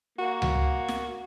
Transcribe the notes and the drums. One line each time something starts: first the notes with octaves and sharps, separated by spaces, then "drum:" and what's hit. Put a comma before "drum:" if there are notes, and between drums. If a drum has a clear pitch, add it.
A#3 F#4
drum: tom C#2
drum: snare